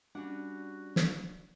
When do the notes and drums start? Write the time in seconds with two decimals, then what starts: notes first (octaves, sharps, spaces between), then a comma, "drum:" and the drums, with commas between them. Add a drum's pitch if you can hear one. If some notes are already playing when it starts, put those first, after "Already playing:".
0.15 G3 C#4 D4 F#4 F#5
0.96 drum: snare